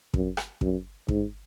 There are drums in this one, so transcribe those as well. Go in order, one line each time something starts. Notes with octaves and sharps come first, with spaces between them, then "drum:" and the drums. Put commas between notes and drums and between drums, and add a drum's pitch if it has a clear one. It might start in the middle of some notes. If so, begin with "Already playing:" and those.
F#2, drum: kick
drum: rim click
F#2, drum: kick
G#2, drum: kick